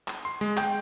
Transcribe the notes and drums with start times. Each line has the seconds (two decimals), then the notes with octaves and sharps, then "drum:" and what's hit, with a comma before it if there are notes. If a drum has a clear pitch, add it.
0.08 drum: clap
0.25 C6
0.41 G#3
0.57 G5, drum: clap